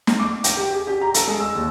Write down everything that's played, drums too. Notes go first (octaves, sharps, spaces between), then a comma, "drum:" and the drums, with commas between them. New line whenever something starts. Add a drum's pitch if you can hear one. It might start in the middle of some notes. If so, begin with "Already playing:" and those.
drum: snare
D6
G5, drum: hi-hat
G4
G#4
G4
A#5
A4, drum: hi-hat
G#3
E6
D#2